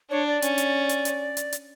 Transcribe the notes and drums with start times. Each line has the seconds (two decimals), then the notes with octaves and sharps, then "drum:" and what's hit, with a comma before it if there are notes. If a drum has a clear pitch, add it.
0.10 D4 C#5
0.27 D5
0.42 C#4, drum: hi-hat
0.58 drum: hi-hat
0.89 drum: hi-hat
1.05 drum: hi-hat
1.37 drum: hi-hat
1.53 drum: hi-hat